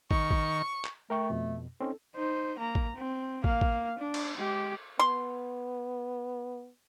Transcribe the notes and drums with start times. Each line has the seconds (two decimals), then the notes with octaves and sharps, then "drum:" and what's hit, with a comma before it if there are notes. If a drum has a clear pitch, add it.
0.11 D#3 C#6, drum: kick
0.31 drum: kick
0.85 drum: clap
1.10 A3 A#4 G5 C#6
1.30 F2 B2
1.81 C4 C#4 D#4 A4
2.16 D#4 C5
2.58 A#3 A#5
2.75 drum: kick
2.96 C4
3.44 A#3 F5, drum: kick
3.61 drum: kick
3.99 D4
4.14 drum: cymbal
4.37 G#3 G4
4.99 B3 C6